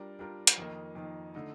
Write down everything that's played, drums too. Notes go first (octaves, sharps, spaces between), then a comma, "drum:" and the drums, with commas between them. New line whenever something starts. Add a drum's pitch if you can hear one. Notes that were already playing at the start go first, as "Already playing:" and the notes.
Already playing: G3 D4 F4 A#4
G3 D4 F4 A#4
drum: hi-hat
F2 D#3 A#3 D#4
F2 D#3 A#3 D#4
D3 A3 D#4